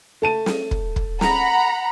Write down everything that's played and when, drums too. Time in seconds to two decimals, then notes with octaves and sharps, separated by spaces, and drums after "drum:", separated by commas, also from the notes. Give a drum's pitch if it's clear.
0.22 A3 A5 D#7
0.46 drum: snare
0.71 drum: kick
0.96 drum: kick
1.21 F#5 A#5 B5, drum: snare